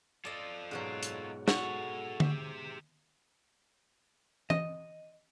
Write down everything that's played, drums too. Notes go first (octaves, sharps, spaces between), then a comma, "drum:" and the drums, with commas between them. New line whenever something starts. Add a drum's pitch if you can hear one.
F4 A4 D5 D#5
G#2 B2 F#3
drum: hi-hat
F#4 A4 C#5, drum: snare
G4 E5, drum: tom D3
D#5, drum: tom E3